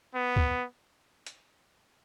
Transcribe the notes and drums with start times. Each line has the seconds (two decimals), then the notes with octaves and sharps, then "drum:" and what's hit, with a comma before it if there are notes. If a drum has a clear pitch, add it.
0.15 B3
0.36 drum: kick
1.26 drum: hi-hat